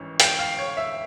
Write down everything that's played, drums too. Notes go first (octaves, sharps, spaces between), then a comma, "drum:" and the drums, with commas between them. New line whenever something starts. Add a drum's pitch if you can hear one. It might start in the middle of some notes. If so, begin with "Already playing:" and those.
Already playing: G#1 G2 E3 C#4
G5, drum: hi-hat
F5
C#5
E5